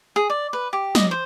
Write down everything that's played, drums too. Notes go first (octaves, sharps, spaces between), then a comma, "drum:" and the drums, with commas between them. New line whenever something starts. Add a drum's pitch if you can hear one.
G#4
D5
B4
G4
D#5, drum: snare
C5